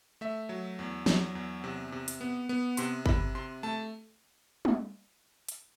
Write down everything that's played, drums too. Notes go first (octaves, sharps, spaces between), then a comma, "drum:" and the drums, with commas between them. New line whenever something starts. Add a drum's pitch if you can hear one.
A3 E5
F#3
E2
F#3, drum: snare
E2
C3
C3
drum: hi-hat
B3
B3
C3 C6, drum: hi-hat
C3 B5, drum: kick G1
C3 C6
A3 A5
drum: tom
drum: hi-hat